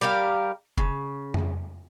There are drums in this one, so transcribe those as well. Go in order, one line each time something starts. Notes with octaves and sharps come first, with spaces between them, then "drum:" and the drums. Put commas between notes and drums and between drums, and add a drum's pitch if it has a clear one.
G3 G4 A#4 F5
C#3, drum: kick F1
drum: tom F2